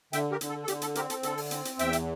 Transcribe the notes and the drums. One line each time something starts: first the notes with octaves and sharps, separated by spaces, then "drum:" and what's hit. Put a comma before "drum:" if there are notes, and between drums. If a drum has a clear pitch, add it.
D3 E5 G5, drum: hi-hat
G4 A#4
D3, drum: hi-hat
A4
A4
D3 G4, drum: hi-hat
A4, drum: hi-hat
C4 G4 A#4, drum: hi-hat
A4, drum: hi-hat
D3 A4, drum: hi-hat
drum: open hi-hat
C4, drum: hi-hat
drum: hi-hat
E2 E5 G5, drum: hi-hat
drum: hi-hat